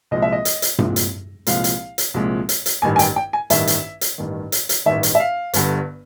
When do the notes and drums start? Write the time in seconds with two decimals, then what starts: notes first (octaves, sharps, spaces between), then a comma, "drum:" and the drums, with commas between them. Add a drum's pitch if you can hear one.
0.11 C2 A#2 F3 G#3 D#5
0.22 E5
0.32 D#5
0.45 drum: hi-hat
0.62 drum: hi-hat
0.79 C2 A#2 F3 G#3, drum: tom G2
0.96 drum: hi-hat
1.47 C2 A#2 F3 G#3 F5, drum: hi-hat
1.64 drum: hi-hat
1.98 drum: hi-hat
2.14 C2 A#2 F3 G#3
2.49 drum: hi-hat
2.66 drum: hi-hat
2.82 A1 G2 D#3 G#5
2.96 G#5
2.99 G5, drum: hi-hat
3.16 G5
3.33 G#5
3.50 A1 G2 D#3 E5, drum: hi-hat
3.67 drum: hi-hat
4.01 drum: hi-hat
4.18 A1 G2 D#3
4.52 drum: hi-hat
4.69 drum: hi-hat
4.86 A1 G2 D#3 E5
5.03 drum: hi-hat
5.15 E5
5.20 F5
5.54 G1 G2 D3, drum: hi-hat